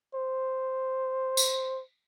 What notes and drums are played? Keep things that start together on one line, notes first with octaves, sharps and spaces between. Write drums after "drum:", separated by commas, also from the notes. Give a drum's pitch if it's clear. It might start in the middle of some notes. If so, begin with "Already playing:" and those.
C5
drum: tambourine